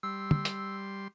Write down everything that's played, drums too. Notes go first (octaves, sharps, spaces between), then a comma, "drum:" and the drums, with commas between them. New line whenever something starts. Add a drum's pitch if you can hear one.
G3 C6 E6
drum: tom
drum: hi-hat